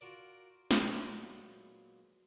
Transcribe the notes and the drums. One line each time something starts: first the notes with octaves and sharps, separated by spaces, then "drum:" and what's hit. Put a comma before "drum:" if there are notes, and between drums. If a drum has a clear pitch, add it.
F4 F#4 A#4 D5
A#2 F#3 G#3 B3, drum: snare